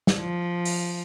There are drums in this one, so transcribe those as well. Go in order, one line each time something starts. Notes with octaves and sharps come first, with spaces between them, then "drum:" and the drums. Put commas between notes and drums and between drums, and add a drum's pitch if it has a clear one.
drum: snare
F3
drum: open hi-hat